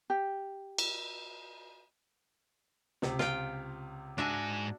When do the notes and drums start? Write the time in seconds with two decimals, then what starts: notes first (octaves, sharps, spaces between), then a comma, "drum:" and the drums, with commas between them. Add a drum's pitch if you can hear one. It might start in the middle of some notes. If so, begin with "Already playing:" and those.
0.10 G4
0.78 drum: cymbal
3.02 C#2 C3, drum: snare
3.19 F4 G5, drum: snare
4.18 G#2 D4 F#4 E5 G#5